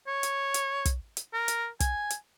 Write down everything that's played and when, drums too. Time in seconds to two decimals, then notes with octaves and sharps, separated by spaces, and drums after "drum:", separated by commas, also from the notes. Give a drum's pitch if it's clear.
0.07 C#5
0.23 drum: hi-hat
0.54 drum: hi-hat
0.85 drum: kick, hi-hat
1.17 drum: hi-hat
1.34 A#4
1.48 drum: hi-hat
1.80 G#5, drum: kick, hi-hat
2.10 drum: hi-hat